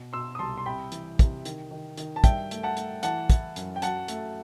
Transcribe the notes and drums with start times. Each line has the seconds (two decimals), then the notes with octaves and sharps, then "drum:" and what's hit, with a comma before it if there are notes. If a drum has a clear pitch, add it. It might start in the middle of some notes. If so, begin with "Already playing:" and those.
Already playing: B2
0.13 B2 C6 E6
0.35 D#6
0.39 C2 A5 C6
0.58 C6
0.66 C3 G5 B5
0.92 E3, drum: hi-hat
1.19 C3, drum: kick, hi-hat
1.45 D#3, drum: hi-hat
1.71 D#3
1.97 D#3, drum: hi-hat
2.16 A5
2.24 G2 E5 G5, drum: kick, hi-hat
2.51 A3, drum: hi-hat
2.63 F#5 A5
2.77 A3, drum: hi-hat
3.03 E3 F#5 A5, drum: hi-hat
3.30 E4, drum: kick, hi-hat
3.56 F#2, drum: hi-hat
3.76 G5
3.82 F#3 F#5 A5, drum: hi-hat
4.08 A3, drum: hi-hat